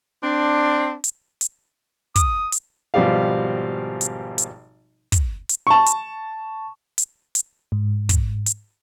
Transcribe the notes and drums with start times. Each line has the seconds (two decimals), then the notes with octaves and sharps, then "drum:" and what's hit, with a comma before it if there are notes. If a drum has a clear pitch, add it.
0.23 C4 D4
1.04 drum: hi-hat
1.41 drum: hi-hat
2.16 D#6, drum: kick, hi-hat
2.52 drum: hi-hat
2.94 G#1 B2 F3 G3 G4 F5
4.01 drum: hi-hat
4.38 drum: hi-hat
5.12 drum: kick, hi-hat
5.49 drum: hi-hat
5.67 A5 C#6
5.86 drum: hi-hat
6.98 drum: hi-hat
7.35 drum: hi-hat
7.72 G#2
8.09 drum: kick, hi-hat
8.46 drum: hi-hat